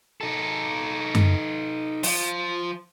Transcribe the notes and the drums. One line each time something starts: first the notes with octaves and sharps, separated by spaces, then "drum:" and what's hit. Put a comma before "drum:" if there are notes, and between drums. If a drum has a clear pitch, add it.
D#4 A4
drum: tom F#2
F3, drum: open hi-hat